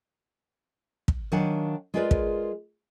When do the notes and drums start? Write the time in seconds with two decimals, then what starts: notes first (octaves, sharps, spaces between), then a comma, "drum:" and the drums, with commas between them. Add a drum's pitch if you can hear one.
1.08 drum: kick
1.32 D#3 F#3 D4 F5 F#5 G#5
1.94 G#3 F4 G#4 A#4 B4 D5
2.11 drum: kick